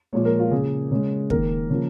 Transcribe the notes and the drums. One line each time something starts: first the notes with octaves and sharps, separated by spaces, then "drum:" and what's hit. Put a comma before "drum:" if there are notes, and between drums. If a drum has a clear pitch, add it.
A#2 F3 G#3 C#5
A#4
F4
C#3 A#3 G#4
C#3 G#3
D#3 A#3 A#4, drum: kick
C#3 F3 A#3